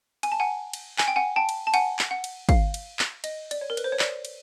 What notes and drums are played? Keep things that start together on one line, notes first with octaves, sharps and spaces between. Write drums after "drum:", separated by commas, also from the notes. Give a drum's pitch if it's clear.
G#5, drum: cymbal
A5
F#5 G#5
drum: cymbal
G#5, drum: clap
G5
F#5 G#5
G5 A5
drum: cymbal
A5
F#5 G#5, drum: cymbal
drum: clap
F#5
drum: cymbal
F5, drum: kick, cymbal
drum: cymbal
drum: clap
D#5, drum: cymbal
D5, drum: cymbal
C#5
A#4
B4, drum: cymbal
C5
C#5
D5, drum: clap
drum: cymbal